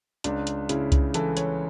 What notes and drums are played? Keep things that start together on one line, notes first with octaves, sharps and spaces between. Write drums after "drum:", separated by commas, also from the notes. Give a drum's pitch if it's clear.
C#2 D4, drum: hi-hat
drum: hi-hat
C#3 E4, drum: hi-hat
drum: kick C2, hi-hat
E3 A4, drum: hi-hat
C#5, drum: hi-hat